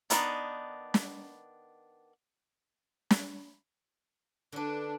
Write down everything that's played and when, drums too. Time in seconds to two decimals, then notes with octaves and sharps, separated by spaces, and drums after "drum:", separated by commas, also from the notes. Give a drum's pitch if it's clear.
0.10 D#3 B3 D4 D#4, drum: hi-hat
0.94 drum: snare
3.11 drum: snare
4.52 D3 D4 B4